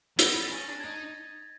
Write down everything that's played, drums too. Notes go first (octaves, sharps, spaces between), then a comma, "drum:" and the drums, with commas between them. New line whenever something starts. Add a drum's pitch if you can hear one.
B3 A#6, drum: hi-hat
B3
C4 A6
C#4
D4 A6
D#4 G#6